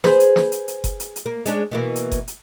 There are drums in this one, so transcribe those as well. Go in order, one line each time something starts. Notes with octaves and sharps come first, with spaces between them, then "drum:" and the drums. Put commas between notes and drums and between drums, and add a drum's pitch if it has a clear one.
G#4 B4 C5, drum: snare
drum: hi-hat
drum: snare
drum: hi-hat
drum: hi-hat
drum: kick F#1, hi-hat
drum: hi-hat
drum: hi-hat
A#3
G#3 C#4 D4, drum: hi-hat
B2 E3 A#3
drum: hi-hat
drum: kick F#1, hi-hat
drum: hi-hat